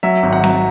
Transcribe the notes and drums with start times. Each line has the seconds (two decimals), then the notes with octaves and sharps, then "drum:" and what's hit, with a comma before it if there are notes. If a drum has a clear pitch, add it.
0.03 F#3 E5
0.23 G#1
0.33 F#5
0.44 F#3, drum: snare C4